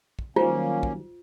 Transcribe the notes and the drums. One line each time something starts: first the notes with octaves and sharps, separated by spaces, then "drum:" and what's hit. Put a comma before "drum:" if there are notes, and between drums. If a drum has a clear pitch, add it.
drum: kick
D#3 F#3 G3 A#3 C#4 F4 C5, drum: tom G#3
drum: kick